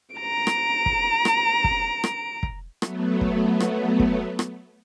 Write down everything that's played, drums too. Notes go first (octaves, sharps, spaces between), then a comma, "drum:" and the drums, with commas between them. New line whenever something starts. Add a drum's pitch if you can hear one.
A#5 D7
drum: rim click
drum: kick
drum: rim click
drum: kick
drum: rim click
drum: kick
F#3 A3 B3, drum: rim click
drum: kick
drum: rim click
drum: kick
drum: rim click